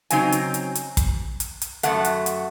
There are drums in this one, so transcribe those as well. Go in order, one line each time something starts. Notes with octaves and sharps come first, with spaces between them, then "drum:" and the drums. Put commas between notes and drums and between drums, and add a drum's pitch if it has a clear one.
C#3 F#3 C4 D#4 G#5, drum: hi-hat
drum: hi-hat
drum: hi-hat
drum: hi-hat
drum: kick, hi-hat
drum: hi-hat
drum: hi-hat
F#2 E3 A3 F#5, drum: hi-hat
drum: hi-hat
drum: hi-hat